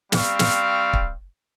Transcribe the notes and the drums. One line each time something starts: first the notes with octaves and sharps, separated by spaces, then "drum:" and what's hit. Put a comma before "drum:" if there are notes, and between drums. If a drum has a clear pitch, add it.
G3 C4 F5 C#6, drum: snare
drum: snare
drum: kick